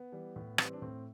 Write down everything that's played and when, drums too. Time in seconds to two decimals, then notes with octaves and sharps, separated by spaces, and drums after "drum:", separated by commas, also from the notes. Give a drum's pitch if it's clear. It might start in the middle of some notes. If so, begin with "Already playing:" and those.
Already playing: B3
0.12 E3 G3
0.36 A2 B3
0.58 E3 C4, drum: rim click
0.64 G3
0.73 D4
0.82 A2 C4